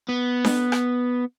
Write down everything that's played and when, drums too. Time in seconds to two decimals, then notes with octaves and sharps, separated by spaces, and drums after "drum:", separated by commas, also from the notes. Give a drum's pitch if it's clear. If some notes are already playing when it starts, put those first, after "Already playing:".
0.09 B3
0.45 drum: snare D4
0.72 drum: rim click